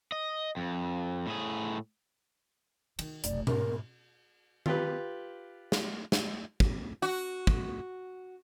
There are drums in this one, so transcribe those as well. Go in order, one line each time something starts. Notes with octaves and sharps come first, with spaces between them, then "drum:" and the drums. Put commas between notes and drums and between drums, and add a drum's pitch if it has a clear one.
D#5
F2
A2 G#4
D#3, drum: cymbal
F1 B1 D5, drum: hi-hat
G#2 C#4 A#4, drum: tom B2
F4 G4 B4, drum: tom D#3
drum: snare
drum: snare
drum: kick
F#4
drum: kick